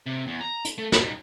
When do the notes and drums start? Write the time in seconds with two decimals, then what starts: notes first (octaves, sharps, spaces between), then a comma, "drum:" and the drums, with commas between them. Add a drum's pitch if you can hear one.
0.06 C3
0.27 E2
0.41 A#5
0.65 drum: hi-hat
0.78 A3
0.92 G3 D#4, drum: snare